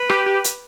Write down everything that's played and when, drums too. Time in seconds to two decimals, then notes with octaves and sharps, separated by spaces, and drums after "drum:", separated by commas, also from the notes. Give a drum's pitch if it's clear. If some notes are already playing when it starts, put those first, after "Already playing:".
Already playing: B4
0.10 G4, drum: rim click
0.26 G4
0.44 drum: hi-hat